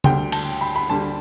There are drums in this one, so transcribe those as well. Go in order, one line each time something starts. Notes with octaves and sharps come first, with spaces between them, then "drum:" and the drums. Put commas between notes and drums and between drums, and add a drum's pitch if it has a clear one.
D2 D3 G3 G5, drum: tom C#3
A5, drum: cymbal
B5
B5
D2 D3 G3 A5